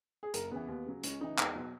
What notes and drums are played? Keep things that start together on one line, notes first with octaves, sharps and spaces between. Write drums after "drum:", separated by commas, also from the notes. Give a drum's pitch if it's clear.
G#4
F#1 A#4, drum: hi-hat
E2 C#3 E3 B3
D#2
C#3 F#3
C#2 C#4, drum: hi-hat
C#3 E3 D#4
E2, drum: clap
B2 F#3